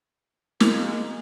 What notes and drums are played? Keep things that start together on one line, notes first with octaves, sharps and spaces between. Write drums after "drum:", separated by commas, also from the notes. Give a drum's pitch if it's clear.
G#3 A#3 A#4, drum: snare